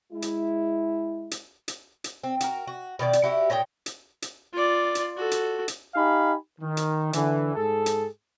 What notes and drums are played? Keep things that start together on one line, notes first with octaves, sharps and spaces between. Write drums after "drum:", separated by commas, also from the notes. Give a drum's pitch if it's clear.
G#3 E4
drum: hi-hat
drum: hi-hat
drum: hi-hat
drum: hi-hat
C4
F#4 A#4, drum: hi-hat
F#4
B2 D#3 F4 D5
drum: hi-hat
E4 F#4 G4
A#2 C#5 D#5 G5
drum: hi-hat
drum: hi-hat
F4 D5
drum: hi-hat
F#4 A4
drum: hi-hat
drum: hi-hat
D#4 G4 F5 G#5 B5
D#3
drum: hi-hat
D3 E3, drum: hi-hat
G#2 G#4 A4
drum: hi-hat